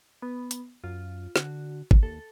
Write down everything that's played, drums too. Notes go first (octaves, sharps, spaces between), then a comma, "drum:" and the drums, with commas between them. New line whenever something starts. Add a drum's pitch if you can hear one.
B3
drum: hi-hat
F#2 F4
D3 F#4, drum: snare
drum: kick
D#2 A4